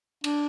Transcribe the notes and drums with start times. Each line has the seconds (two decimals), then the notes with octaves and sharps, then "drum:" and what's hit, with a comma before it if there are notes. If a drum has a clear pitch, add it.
0.24 D4, drum: cymbal